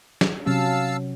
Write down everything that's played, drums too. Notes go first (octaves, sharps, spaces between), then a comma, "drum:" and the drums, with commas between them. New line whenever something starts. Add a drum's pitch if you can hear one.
drum: snare
C3 F#3 C#4 F5 A5 E6